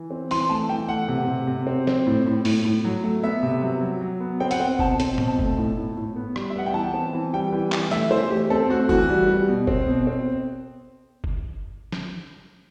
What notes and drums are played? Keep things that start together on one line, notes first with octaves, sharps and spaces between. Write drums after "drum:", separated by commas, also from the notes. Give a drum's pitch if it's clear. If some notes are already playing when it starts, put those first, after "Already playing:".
Already playing: E3
C4
E3 C6, drum: open hi-hat
A3 A5
E3 G5
A3 F#5
C3
C3
C3
C4
C4, drum: snare
A2
A2
A2, drum: open hi-hat
A2
F#3
A3
B3 E5
C3
F#3
F#3
F#3
B3
C4 G5
F#5, drum: hi-hat
C4 G5
B2 A5, drum: kick F#1
C4, drum: hi-hat
B2, drum: tom
A5
A3, drum: kick F#1
A2
A2
A2
B3
G3, drum: rim click
E5
B3 F#5
G5
E3 A5
C4
E3
G3 G5
E3
E3, drum: clap
A3 E5, drum: snare
E3 C5
A3 G4
C4 A4
A3 F#4
E3 F#4, drum: kick F#1
G3
G3
B2
C4, drum: kick F#1
B2
C4
drum: kick F#1
drum: snare